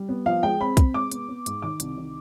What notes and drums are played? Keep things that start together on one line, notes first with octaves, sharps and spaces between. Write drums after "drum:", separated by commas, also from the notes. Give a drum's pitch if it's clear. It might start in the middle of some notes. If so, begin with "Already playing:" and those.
Already playing: G3
B3
F3 F5
G#3 G5
C4 B5
C3, drum: kick, hi-hat
G#3 D6
B3, drum: hi-hat
B3
G#2, drum: hi-hat
D#3 D6
C2, drum: hi-hat
D#3